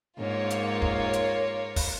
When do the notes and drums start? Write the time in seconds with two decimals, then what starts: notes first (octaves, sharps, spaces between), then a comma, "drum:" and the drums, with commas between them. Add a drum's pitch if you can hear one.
0.19 G#2 A#3 F4 C#5
0.50 drum: hi-hat
0.82 drum: kick
1.13 drum: hi-hat
1.76 drum: kick, open hi-hat